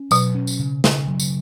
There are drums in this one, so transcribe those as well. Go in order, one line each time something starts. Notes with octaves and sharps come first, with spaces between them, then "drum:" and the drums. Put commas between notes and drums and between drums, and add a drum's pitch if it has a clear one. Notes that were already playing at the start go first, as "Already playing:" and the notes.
Already playing: C#4
B2 F#3, drum: tambourine
C#4
drum: tambourine
C#3
C#3, drum: snare
F#3
drum: tambourine